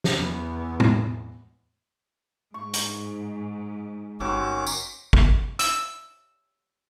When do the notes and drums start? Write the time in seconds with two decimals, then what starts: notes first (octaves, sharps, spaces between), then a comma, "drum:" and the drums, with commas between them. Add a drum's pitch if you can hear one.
0.04 drum: snare
0.16 E2 B3
0.80 drum: tom A2
2.54 G#2 C#6
2.74 drum: hi-hat
4.20 G1 D#3 F#3 C4 C#4 D6
4.67 drum: tambourine
5.13 drum: kick
5.59 E6, drum: hi-hat